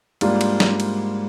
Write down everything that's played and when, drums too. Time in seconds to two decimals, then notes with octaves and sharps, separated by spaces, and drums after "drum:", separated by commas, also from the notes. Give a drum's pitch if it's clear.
0.21 G#2 G3 A#3 D4 F4, drum: cymbal
0.41 drum: cymbal
0.60 drum: snare
0.80 drum: cymbal